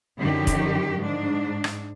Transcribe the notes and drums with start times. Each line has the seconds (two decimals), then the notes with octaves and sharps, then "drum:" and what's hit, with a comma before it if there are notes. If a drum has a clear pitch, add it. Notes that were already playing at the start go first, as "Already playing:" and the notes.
0.18 F#2 D3 D#3 F3 F#3 G4
0.47 drum: kick, hi-hat
0.97 G#2 D4
1.64 drum: rim click